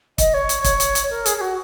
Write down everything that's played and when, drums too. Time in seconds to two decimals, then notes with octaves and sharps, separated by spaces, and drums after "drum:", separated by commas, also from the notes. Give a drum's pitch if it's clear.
0.18 D#5, drum: kick, hi-hat
0.34 C#5
0.49 drum: hi-hat
0.64 drum: kick, hi-hat
0.80 drum: hi-hat
0.95 drum: hi-hat
1.10 A#4
1.26 G#4, drum: hi-hat
1.37 G#4
1.41 F#4